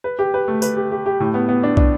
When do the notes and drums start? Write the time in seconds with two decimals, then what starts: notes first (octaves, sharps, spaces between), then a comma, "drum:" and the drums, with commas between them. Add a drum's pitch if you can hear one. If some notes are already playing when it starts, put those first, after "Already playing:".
0.04 B4
0.19 G4
0.34 B4
0.48 A3
0.62 B4, drum: tambourine
0.77 G4
0.91 G4
1.06 G4
1.20 A2
1.34 B3
1.49 B3
1.63 D4
1.77 D4, drum: kick